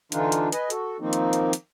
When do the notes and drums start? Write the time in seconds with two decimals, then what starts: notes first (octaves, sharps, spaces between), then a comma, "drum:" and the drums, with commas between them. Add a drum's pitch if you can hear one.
0.12 D3 E3 D4 D#4 F4, drum: hi-hat
0.32 drum: hi-hat
0.52 B4 D#5 G#5, drum: hi-hat
0.70 F#4 A4, drum: hi-hat
1.00 D#3 F3 A#3 C4 D#4
1.13 drum: hi-hat
1.33 drum: hi-hat
1.53 drum: hi-hat